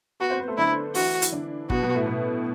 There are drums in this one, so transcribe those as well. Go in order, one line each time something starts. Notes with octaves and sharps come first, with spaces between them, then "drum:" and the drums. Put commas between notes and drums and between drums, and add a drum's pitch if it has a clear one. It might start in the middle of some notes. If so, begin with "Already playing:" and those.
B3 F#4 B4
C4 C5
B3 B4
A3 A4
D3 D4 E4
E3 E4 F#4, drum: open hi-hat
E4, drum: hi-hat
D3 D4
B2 B3 F#4, drum: kick
B2 B3
A2 A3
B2 B3